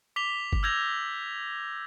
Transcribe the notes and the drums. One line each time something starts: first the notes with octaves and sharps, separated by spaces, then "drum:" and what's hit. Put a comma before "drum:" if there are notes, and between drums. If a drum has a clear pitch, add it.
D6 B6 F7 G7
drum: kick G1
E6 F6 G6 G#6 A#6 F7